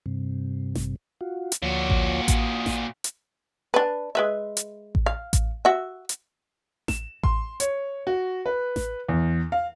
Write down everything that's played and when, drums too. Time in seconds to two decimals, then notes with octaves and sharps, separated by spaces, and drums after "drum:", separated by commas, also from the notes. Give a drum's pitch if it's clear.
0.06 G2 C3
0.75 drum: snare A1
1.21 F4 F#4
1.52 drum: hi-hat
1.62 D2 A#2 F3 F#4 C#5
1.90 drum: kick A1
2.28 drum: kick A1, hi-hat
2.39 D#6
2.66 drum: snare A1
3.04 drum: hi-hat
3.74 D4 B4
4.15 G#3 B4 E5
4.57 drum: hi-hat
4.95 drum: kick A1
5.06 F5
5.33 drum: kick A1, hi-hat
5.65 F#4 E5
6.09 drum: hi-hat
6.88 E7, drum: snare A1
7.23 C6, drum: kick A1
7.60 C#5, drum: hi-hat
8.07 F#4
8.46 B4
8.76 drum: snare A1
9.09 E2
9.52 F5